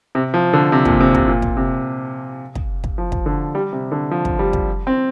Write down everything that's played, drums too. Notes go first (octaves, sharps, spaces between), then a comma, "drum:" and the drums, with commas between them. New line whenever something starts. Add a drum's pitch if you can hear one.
C3
F3
D3
C3
A#2, drum: kick
C3
C3, drum: kick
A#2
drum: kick
C3
drum: kick
drum: kick
F3
drum: kick
D3
G3
C3
D3
F3
drum: kick
G3
drum: kick
C4